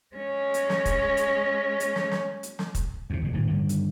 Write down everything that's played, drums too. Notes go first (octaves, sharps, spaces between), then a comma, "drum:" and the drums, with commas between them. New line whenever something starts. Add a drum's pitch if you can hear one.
G#3 C#4
drum: hi-hat
drum: snare
drum: kick, hi-hat
drum: hi-hat
drum: hi-hat
drum: snare
drum: snare
drum: hi-hat
drum: snare
drum: kick, hi-hat
E2 C3
F#1 A#2
D1 G#2 D#3
G2 D3 D#3
drum: hi-hat